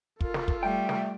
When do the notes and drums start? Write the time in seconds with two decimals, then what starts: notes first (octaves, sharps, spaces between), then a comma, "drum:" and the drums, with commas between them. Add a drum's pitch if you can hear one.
0.21 F4 A4 A#4, drum: kick
0.34 drum: snare
0.48 drum: kick
0.63 G3 A3 E5 G5
0.89 drum: snare